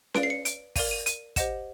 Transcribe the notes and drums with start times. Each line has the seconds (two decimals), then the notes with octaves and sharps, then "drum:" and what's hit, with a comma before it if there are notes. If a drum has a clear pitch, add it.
0.14 B4 D5 F5 D7, drum: snare C#4
0.23 C7
0.30 C#7
0.45 D7, drum: hi-hat
0.76 A#4 D5 F5 D#7, drum: kick, open hi-hat
0.91 D#7
1.06 D#7, drum: hi-hat
1.36 G4 C5 D#5 F#5 E7, drum: kick, hi-hat